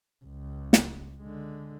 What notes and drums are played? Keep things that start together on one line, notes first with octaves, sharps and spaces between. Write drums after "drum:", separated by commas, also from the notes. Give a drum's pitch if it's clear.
C#2
drum: snare
D3 G#3